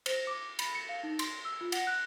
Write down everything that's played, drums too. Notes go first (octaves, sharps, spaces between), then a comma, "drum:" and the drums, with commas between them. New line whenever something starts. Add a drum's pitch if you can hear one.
C5, drum: cymbal
D6
B5, drum: cymbal
C#7
F5
D#4
C6, drum: cymbal
E6
F4
F#5, drum: cymbal
F#6